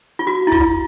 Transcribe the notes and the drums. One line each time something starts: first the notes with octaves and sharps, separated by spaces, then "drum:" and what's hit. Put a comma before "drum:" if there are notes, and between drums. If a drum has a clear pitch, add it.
F4
F#4
E4
F4, drum: kick